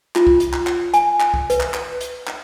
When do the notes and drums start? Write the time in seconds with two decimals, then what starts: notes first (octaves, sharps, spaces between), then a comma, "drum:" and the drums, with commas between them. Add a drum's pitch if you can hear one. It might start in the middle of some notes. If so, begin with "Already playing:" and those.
0.16 F4, drum: clap
0.27 drum: kick
0.40 drum: hi-hat
0.53 drum: clap
0.67 drum: clap
0.94 G#5, drum: hi-hat
1.20 drum: clap
1.34 drum: kick
1.50 B4, drum: hi-hat
1.60 drum: clap
1.74 drum: clap
2.01 drum: hi-hat
2.27 drum: clap